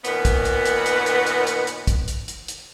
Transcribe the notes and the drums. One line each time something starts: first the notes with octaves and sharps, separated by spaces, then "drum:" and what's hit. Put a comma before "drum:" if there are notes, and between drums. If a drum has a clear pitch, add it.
F#2 A#2 D#3 B3, drum: hi-hat
drum: kick, hi-hat
drum: hi-hat
drum: hi-hat
drum: hi-hat
drum: hi-hat
drum: hi-hat
drum: hi-hat
drum: hi-hat
drum: kick, hi-hat
drum: hi-hat
drum: hi-hat
drum: hi-hat